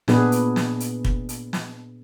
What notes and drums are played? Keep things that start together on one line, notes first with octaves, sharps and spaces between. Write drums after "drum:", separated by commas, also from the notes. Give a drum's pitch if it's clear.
A#2 B3 D4 G#4 B4, drum: snare
drum: hi-hat
drum: snare
drum: hi-hat
drum: kick
drum: hi-hat
drum: snare